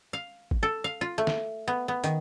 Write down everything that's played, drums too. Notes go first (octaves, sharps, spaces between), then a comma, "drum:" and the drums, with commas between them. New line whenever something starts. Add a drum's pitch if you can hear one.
F5
drum: kick G#1
A4
F5
F4
A3
drum: snare
B3
B3
D#3, drum: hi-hat